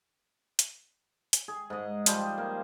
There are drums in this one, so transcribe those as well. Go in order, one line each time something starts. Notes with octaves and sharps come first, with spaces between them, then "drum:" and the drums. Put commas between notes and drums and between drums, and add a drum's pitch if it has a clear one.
drum: hi-hat
drum: hi-hat
G#4
G#2 D#5
F3 G3 G#4 C5, drum: hi-hat
A#3